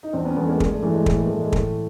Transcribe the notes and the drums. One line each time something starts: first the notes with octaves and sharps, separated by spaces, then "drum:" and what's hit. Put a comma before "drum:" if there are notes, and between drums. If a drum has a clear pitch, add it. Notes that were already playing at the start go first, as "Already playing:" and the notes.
D#4
E2 C4 D4
B3 C#4
E2 A3 B3
G#3 A#3
G2 G#3, drum: kick
A3
E3 A3
G#3
A2 A3, drum: kick
G#3 A#3
E3 A3
G#3
A2 A3, drum: kick